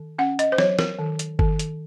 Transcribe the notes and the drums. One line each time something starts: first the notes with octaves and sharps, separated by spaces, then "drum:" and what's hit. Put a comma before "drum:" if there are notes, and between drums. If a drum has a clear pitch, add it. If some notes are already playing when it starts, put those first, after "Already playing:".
Already playing: D#3
C#4 F#5
D#5, drum: hi-hat
C5
F#3 C#5, drum: snare
A#4, drum: snare
D#3
drum: hi-hat
D#3, drum: kick G1
drum: hi-hat